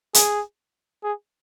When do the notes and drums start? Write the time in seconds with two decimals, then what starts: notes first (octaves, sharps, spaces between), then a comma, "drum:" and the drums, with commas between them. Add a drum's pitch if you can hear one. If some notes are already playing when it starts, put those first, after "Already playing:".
0.14 G#4, drum: hi-hat
1.04 G#4